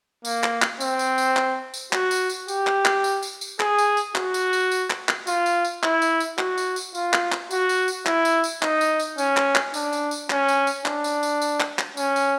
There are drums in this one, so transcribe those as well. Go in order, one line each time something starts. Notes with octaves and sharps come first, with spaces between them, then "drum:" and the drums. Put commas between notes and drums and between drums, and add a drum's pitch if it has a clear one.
A#3, drum: tambourine
drum: clap
drum: clap
C4, drum: tambourine
drum: tambourine
drum: tambourine
drum: clap
drum: tambourine
F#4, drum: clap
drum: tambourine
drum: tambourine
G4, drum: tambourine
drum: clap
drum: clap
drum: tambourine
drum: tambourine
drum: tambourine
G#4, drum: clap
drum: tambourine
drum: tambourine
F#4, drum: clap
drum: tambourine
drum: tambourine
drum: tambourine
drum: clap
drum: clap
F4, drum: tambourine
drum: tambourine
drum: tambourine
E4, drum: clap
drum: tambourine
drum: tambourine
F#4, drum: clap
drum: tambourine
drum: tambourine
F4, drum: tambourine
drum: clap
drum: clap
F#4, drum: tambourine
drum: tambourine
drum: tambourine
E4, drum: clap
drum: tambourine
drum: tambourine
D#4, drum: clap
drum: tambourine
drum: tambourine
C#4, drum: tambourine
drum: clap
drum: clap
D4, drum: tambourine
drum: tambourine
drum: tambourine
C#4, drum: clap
drum: tambourine
drum: tambourine
D4, drum: clap
drum: tambourine
drum: tambourine
drum: tambourine
drum: clap
drum: clap
C#4, drum: tambourine
drum: tambourine